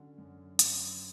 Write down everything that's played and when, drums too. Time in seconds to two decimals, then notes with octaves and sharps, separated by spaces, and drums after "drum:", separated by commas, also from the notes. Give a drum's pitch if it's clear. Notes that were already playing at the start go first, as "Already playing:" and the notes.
Already playing: D3 F#3 C#4
0.18 F#2
0.59 F#2, drum: hi-hat